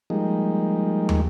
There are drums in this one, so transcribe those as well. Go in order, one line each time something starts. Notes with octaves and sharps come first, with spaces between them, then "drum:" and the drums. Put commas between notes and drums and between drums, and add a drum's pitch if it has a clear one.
F3 G3 G#3 A#3 D#4
drum: tom